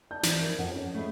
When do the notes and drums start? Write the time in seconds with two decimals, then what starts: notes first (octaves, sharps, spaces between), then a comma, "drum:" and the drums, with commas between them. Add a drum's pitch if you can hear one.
0.11 D5 A5 G6
0.23 E3 C4 D#4 D5 G#6, drum: snare
0.40 A#4
0.59 F2 D#5 F#5
0.72 C#4
0.95 A3 E4 G#4